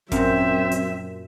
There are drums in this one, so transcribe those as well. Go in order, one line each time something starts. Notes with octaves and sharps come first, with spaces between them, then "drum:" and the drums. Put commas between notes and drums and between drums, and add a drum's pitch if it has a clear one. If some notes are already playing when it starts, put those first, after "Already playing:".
F#2 A#2 F#3 C4 E5, drum: kick G#1, hi-hat
drum: hi-hat